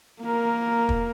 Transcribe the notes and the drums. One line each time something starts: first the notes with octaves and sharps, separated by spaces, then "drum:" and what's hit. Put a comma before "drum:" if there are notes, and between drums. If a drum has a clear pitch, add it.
A#3 A#4
drum: kick